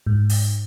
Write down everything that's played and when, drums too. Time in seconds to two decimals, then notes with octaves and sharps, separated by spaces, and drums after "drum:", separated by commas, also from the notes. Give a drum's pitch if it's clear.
0.07 G#2
0.30 drum: open hi-hat